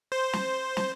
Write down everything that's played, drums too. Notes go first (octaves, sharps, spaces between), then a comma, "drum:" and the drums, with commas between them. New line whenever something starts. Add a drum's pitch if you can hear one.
C5
drum: snare
drum: snare